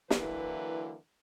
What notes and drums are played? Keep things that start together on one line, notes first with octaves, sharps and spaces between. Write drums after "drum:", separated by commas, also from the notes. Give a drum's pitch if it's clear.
D3 E3 F#3 A#3 E4 B4, drum: snare